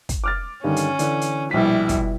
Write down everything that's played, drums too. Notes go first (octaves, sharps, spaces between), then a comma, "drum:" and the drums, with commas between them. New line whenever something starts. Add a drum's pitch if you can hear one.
drum: kick, hi-hat
D6 F6 A6
G2 D3 D#3 C#4
drum: hi-hat
D3 E3 D4, drum: hi-hat
drum: hi-hat
A#1 B2 G3 E4 B6
drum: kick, hi-hat